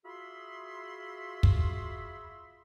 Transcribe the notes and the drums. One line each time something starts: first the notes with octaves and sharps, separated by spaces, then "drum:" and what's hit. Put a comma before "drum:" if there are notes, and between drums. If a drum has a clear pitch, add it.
F4 F#4 G#4 E5 B5 C6
drum: kick